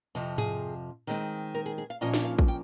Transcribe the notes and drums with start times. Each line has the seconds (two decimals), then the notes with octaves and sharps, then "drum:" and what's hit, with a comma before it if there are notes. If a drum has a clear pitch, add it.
0.15 F2 C3 F3
0.38 G#4, drum: tom G#2
1.07 D#3 G#3 C4
1.55 A#4
1.66 G#4
1.78 G#4
1.90 F5
2.01 A#2 F3 A#3 C#4 F4 D#5
2.14 drum: snare
2.25 F5
2.39 drum: kick
2.48 G5